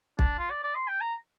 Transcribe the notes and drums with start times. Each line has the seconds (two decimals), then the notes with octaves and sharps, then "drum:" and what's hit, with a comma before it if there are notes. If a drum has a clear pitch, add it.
0.19 D4, drum: kick
0.39 F4
0.50 D5
0.63 D5
0.75 C6
0.88 G5
1.01 A#5